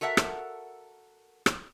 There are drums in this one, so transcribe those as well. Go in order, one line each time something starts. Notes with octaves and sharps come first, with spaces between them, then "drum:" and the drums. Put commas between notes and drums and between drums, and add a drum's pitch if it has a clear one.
F#4 A4 A#4 E5 F#5
drum: rim click
drum: rim click